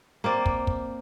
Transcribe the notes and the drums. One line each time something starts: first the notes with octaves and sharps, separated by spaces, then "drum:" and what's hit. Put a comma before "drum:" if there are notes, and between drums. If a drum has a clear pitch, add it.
A#3 C4 D5
drum: kick
drum: kick